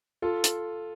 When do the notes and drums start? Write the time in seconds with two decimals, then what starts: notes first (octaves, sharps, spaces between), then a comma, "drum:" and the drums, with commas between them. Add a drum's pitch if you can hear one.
0.22 F4 A4
0.44 drum: hi-hat